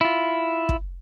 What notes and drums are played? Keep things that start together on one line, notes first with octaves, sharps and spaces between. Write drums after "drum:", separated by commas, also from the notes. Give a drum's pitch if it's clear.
E4 F4
drum: kick